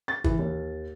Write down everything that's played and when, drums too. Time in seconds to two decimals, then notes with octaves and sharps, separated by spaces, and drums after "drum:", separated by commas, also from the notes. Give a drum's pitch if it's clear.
0.08 A6
0.24 E3, drum: kick
0.39 D#2